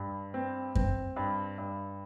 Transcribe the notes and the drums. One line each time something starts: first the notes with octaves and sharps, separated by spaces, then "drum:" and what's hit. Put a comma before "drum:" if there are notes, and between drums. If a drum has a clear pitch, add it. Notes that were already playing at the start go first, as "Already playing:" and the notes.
Already playing: G2
C4
C4, drum: kick F#2
G2
G2